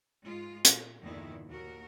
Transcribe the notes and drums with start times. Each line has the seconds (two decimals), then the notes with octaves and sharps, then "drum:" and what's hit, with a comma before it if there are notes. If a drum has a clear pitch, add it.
0.24 G#2 G#3 F4
0.65 A#2, drum: hi-hat
1.00 E2 G2 A#2 D3 D#3 E4
1.48 D#2 F#4 A#4